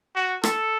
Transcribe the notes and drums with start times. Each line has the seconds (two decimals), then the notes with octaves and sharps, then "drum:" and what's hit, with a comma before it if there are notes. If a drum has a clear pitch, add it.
0.16 F#4
0.44 A4, drum: rim click